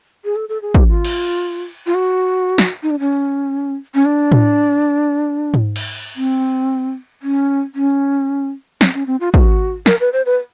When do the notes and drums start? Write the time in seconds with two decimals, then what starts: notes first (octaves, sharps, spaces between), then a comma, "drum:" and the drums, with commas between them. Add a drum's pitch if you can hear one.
0.25 G#4
0.36 A4
0.49 A4
0.62 G#4
0.75 G4, drum: kick
0.89 F4
1.04 drum: cymbal
1.86 F4
1.95 F#4
2.58 drum: snare
2.83 D#4
2.91 D4
3.00 C#4
3.95 C#4
4.05 D4
4.32 drum: tom A2
5.54 drum: tom G#2
5.76 drum: cymbal
6.16 C4
7.22 C#4
7.75 C#4
8.81 C4, drum: snare
8.94 C#4, drum: hi-hat
9.07 C4
9.20 F4
9.34 F#4, drum: kick
9.86 A#4, drum: snare
10.00 B4
10.13 C5
10.26 B4